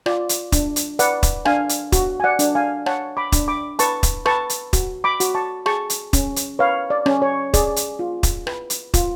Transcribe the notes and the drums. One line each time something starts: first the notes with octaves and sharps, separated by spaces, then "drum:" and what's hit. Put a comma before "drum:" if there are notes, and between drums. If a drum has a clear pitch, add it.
F4 D5, drum: rim click
drum: hi-hat
D4, drum: kick, hi-hat
drum: hi-hat
B4 D5 F#5, drum: hi-hat
drum: kick, hi-hat
D4 F5 G#5, drum: rim click
drum: hi-hat
F#4, drum: kick, hi-hat
G#5
D5 F#5
D4, drum: hi-hat
F5 G#5
C#5 F#5 A5, drum: rim click
B5 D6
D4, drum: kick, hi-hat
B5 D6
B4 A5 C#6, drum: hi-hat
drum: kick, hi-hat
B4 A5 C#6, drum: rim click
drum: hi-hat
F#4, drum: kick, hi-hat
B5 D6
F#4, drum: hi-hat
A5 C#6
G#4 A5 C#6, drum: rim click
drum: hi-hat
C#4, drum: kick, hi-hat
drum: hi-hat
B4 C#5 F5
D5
C#4, drum: rim click
C#5
G#4 D5, drum: kick, hi-hat
drum: hi-hat
F4
drum: kick, hi-hat
B4, drum: rim click
drum: hi-hat
F4, drum: kick, hi-hat